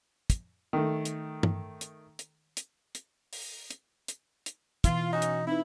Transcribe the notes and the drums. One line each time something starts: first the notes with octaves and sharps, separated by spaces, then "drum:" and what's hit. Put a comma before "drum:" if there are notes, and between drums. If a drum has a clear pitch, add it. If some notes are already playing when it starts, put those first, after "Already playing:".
drum: kick, hi-hat
D#3 A3
drum: hi-hat
drum: tom G2
drum: hi-hat
drum: hi-hat
drum: hi-hat
drum: hi-hat
drum: open hi-hat
drum: hi-hat
drum: hi-hat
drum: hi-hat
B2 E3 F4, drum: kick, hi-hat
C#4 D#4 F#4
drum: hi-hat
C4 D#4 E4 B4